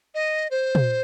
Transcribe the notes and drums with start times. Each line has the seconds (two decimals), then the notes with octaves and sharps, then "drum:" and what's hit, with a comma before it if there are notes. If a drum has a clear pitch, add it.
0.14 D#5
0.51 C5
0.75 drum: tom